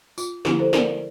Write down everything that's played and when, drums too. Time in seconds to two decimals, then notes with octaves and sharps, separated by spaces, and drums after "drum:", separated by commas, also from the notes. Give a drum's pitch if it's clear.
0.18 F4, drum: tambourine
0.45 D3 F3 C4 E4 G4, drum: snare
0.59 A4 C5
0.73 A#4 D5, drum: snare